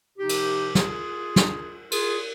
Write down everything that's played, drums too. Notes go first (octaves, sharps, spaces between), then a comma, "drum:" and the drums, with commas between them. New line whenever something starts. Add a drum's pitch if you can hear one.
C3 F3 D#4 G4
drum: cymbal
F4 G#4, drum: snare
drum: snare
F4 G#4, drum: cymbal